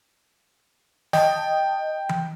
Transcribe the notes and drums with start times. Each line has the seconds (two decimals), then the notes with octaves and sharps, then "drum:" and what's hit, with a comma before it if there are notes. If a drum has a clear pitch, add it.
1.13 D#5 G5 A5, drum: snare
2.09 drum: tom E3